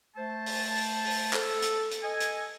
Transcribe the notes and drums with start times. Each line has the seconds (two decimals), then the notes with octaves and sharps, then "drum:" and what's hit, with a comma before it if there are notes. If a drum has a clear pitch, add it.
0.16 A3 C5 A5
0.46 drum: open hi-hat
0.75 drum: open hi-hat
1.04 drum: open hi-hat
1.33 A4, drum: clap
1.62 drum: hi-hat
1.91 drum: hi-hat
2.03 A4 D#5 G#5
2.20 drum: hi-hat